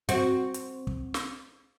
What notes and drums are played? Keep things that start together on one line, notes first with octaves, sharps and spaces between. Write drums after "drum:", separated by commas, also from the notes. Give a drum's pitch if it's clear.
C4 F#4, drum: hi-hat
drum: hi-hat
drum: kick
drum: snare